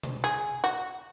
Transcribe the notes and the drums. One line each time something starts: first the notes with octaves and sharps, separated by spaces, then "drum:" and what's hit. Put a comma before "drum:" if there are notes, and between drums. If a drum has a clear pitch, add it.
drum: tom B2
G#4
F#4